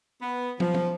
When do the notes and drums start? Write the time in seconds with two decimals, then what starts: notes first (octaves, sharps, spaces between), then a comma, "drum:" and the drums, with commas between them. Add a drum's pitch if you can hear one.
0.21 B3
0.60 F3, drum: tom
0.74 drum: tom